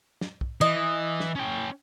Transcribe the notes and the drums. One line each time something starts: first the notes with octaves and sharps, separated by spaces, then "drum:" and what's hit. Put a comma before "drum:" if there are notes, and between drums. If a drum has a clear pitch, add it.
drum: snare
drum: kick B1
E3 D#5
drum: snare
C#4 G5